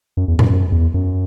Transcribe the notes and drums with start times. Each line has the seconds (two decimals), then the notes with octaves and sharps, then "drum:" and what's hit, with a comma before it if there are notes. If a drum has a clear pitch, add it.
0.17 F#2
0.28 E2
0.39 F#2, drum: tom A2
0.50 F#2
0.72 E2
0.94 F#2